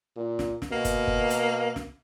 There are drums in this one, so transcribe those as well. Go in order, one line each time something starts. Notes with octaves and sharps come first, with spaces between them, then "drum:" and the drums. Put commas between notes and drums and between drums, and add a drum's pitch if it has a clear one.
A#2
drum: snare
drum: snare
B2 A#3
drum: kick, hi-hat
drum: kick
drum: hi-hat
drum: snare